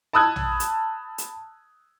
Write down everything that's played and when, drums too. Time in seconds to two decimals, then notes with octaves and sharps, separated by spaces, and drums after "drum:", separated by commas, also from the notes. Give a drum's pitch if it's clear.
0.13 A5 B5 D#6 E6 F#6 G#6
0.36 drum: tom
0.60 drum: hi-hat
1.18 drum: hi-hat